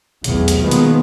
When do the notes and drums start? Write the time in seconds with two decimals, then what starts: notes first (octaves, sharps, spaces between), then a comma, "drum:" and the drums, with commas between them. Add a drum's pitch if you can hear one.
0.24 F1 B1 E2, drum: hi-hat
0.48 drum: hi-hat
0.62 B2 D#3 F3 G#3 A#3 B3
0.71 drum: hi-hat